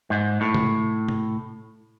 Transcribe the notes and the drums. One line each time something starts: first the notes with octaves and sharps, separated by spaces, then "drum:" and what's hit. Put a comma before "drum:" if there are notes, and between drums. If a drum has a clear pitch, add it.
G#2
A2
drum: tom C3
drum: tom